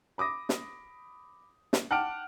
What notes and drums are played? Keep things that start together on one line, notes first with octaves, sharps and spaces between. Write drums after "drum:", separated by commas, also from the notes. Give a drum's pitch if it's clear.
B5 D6 D#6 A#6
drum: snare
drum: snare
F#5 G5 A5 D6 F6 D7